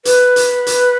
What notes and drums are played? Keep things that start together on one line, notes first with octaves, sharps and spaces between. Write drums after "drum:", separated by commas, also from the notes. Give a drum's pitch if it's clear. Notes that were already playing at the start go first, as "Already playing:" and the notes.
B4, drum: hi-hat
drum: hi-hat
drum: hi-hat